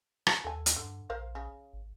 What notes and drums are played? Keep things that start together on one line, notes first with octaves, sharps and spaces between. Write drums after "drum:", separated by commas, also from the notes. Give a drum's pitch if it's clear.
drum: rim click
D#2 A4 G#5
drum: hi-hat
G2 D3
A#1 A#4 C5 F5
C#3
G#1